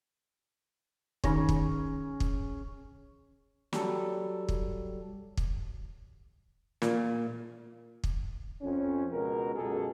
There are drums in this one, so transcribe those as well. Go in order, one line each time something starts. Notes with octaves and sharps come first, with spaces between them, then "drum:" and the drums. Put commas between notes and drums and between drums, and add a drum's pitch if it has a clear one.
D#3 C#4 D#4 G#4 G#5, drum: kick
drum: kick
drum: kick
F#3 G3 A4, drum: snare
drum: kick
drum: kick
A#2, drum: snare
drum: kick
F2 C#4
C#2 B2 A#4
C#2 F#2 B2 G#4 A4